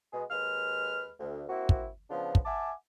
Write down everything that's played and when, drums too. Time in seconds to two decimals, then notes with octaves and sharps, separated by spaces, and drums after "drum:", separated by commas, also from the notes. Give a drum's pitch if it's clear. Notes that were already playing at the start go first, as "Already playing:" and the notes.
0.13 B2 G#3 B3 G#4
0.31 D#2 G#3 B4 F6
1.20 D2
1.49 A#3 C4 E4 F#4
1.69 drum: kick
2.10 C#3 F3 B3 D4 F4
2.35 drum: kick
2.45 E5 F#5 G#5 A5 D6